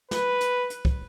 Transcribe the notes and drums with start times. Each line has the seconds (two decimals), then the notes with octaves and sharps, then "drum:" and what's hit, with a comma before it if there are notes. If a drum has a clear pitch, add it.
0.11 B4, drum: snare
0.41 drum: hi-hat
0.70 drum: hi-hat
0.85 drum: kick C2